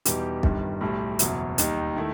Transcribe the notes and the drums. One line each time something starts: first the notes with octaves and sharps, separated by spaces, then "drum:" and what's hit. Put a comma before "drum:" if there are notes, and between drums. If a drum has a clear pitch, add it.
E2 B2 G3 D#4 G4, drum: hi-hat
G1 G2 D#3 G3, drum: kick
B1 A2 G3
F#1 E2 B2 F#3, drum: hi-hat
D#2 D#3 G3 D#4, drum: hi-hat
D#3 A3 E4